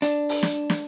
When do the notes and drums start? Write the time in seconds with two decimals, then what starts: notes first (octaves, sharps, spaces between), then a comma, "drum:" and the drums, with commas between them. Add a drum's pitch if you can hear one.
0.02 D4, drum: hi-hat
0.29 drum: open hi-hat
0.43 drum: snare
0.70 drum: snare